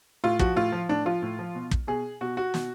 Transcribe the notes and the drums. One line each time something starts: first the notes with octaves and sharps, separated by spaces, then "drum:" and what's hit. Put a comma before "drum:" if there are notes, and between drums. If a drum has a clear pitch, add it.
A2 F4
F3 F#4, drum: kick
A2 F4
F3
A2 D4
F3 F4
A2
F3
B2
drum: kick
B2 G#4
B2 F#4
F#4
B2, drum: snare